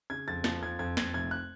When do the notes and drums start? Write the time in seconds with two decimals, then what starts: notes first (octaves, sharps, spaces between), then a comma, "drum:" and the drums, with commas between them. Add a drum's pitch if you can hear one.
0.10 C#3 G#6
0.28 F2 A6
0.44 F3 A6, drum: snare
0.62 F2 G#6
0.79 F2 G#6
0.97 F2 G#6, drum: snare
1.14 F1 G#6
1.31 F#6